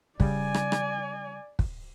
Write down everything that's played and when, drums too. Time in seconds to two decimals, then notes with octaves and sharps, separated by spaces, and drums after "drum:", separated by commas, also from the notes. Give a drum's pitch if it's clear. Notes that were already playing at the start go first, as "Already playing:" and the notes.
0.20 C#3 G3 D5 G#5, drum: kick
0.54 drum: rim click
0.72 drum: rim click
1.59 drum: kick